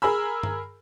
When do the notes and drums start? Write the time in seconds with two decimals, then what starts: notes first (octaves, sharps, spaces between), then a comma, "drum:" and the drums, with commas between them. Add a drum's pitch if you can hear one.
0.02 G#4 A#4 G#5 B5 E6
0.43 drum: tom G2